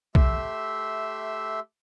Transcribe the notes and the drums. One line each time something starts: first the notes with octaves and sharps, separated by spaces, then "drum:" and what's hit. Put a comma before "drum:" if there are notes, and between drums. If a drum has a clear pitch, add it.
A3 G4 E5 C6 E6, drum: kick